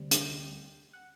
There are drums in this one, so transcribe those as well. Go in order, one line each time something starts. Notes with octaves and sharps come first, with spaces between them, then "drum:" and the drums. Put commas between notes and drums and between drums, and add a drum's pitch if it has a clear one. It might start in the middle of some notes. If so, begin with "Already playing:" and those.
Already playing: D2 C3 G3
G5, drum: hi-hat
F#5